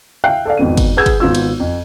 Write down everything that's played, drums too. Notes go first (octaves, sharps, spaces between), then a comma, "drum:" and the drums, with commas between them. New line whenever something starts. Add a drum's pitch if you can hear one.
E5 F5 G5 F#6 C7
A4 D5 F5
G#1 F2 B3 D#7
drum: kick, cymbal
G#4 B4 F#5 E6 G6 G#6
drum: kick, cymbal
G#1 B3 F4 E6
drum: cymbal
F2